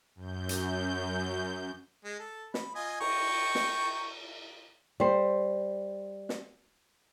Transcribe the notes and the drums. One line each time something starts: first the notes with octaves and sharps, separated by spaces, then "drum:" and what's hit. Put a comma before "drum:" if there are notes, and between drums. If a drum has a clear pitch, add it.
F#2 G6
drum: hi-hat
G#3
A4
B5, drum: snare
F4 D#5 G#5
G5 A#5 C#6, drum: cymbal
drum: snare
G3 C5
drum: snare